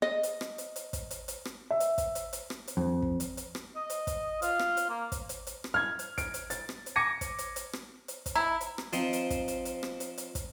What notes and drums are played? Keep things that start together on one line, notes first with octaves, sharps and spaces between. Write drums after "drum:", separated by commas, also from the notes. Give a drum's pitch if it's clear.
D#5
drum: hi-hat
drum: rim click
drum: hi-hat
drum: hi-hat
drum: kick, hi-hat
drum: hi-hat
drum: hi-hat
drum: rim click
E5
drum: hi-hat
drum: kick, hi-hat
drum: hi-hat
drum: hi-hat
drum: rim click
drum: hi-hat
F2
drum: kick
drum: hi-hat
drum: hi-hat
drum: rim click
D#5
drum: hi-hat
drum: kick, hi-hat
F4, drum: hi-hat
drum: rim click
drum: hi-hat
A#3
drum: kick, hi-hat
drum: hi-hat
drum: hi-hat
drum: rim click
F6 G#6
drum: hi-hat
D7, drum: kick, hi-hat
drum: hi-hat
A6, drum: hi-hat
drum: rim click
drum: hi-hat
D6 G#6 A#6 C#7 D#7
drum: kick, hi-hat
drum: hi-hat
drum: hi-hat
drum: rim click
drum: hi-hat
drum: kick, hi-hat
E4 A#5
drum: hi-hat
drum: rim click
F3 C4 D#4, drum: hi-hat
drum: hi-hat
drum: kick, hi-hat
drum: hi-hat
drum: hi-hat
drum: rim click
drum: hi-hat
drum: hi-hat
drum: kick, hi-hat